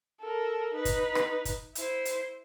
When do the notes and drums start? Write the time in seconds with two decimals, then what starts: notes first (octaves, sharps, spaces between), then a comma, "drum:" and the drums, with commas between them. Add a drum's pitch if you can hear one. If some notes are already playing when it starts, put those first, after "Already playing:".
0.20 A4 A#4
0.73 D#4 B4
0.85 drum: kick, hi-hat
1.15 drum: rim click
1.45 drum: kick, hi-hat
1.75 E4 C5, drum: hi-hat
2.05 drum: hi-hat